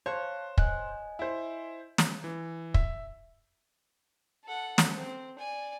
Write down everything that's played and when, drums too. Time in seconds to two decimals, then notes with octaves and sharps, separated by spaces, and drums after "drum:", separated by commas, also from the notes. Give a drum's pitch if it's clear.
0.06 C5 C#5 F5 A5 F#6
0.58 D#5 G#5 F#6, drum: kick
1.19 E4 C5
1.98 drum: snare
2.24 E3
2.74 E5, drum: kick
4.44 A4 F#5
4.78 drum: snare
4.93 C4 C5
5.39 D5 G#5